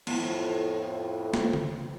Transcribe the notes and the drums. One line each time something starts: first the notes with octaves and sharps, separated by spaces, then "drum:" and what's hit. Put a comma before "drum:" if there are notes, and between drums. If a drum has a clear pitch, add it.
F2 A2 F3 B3 E4, drum: cymbal
drum: snare
drum: tom C#3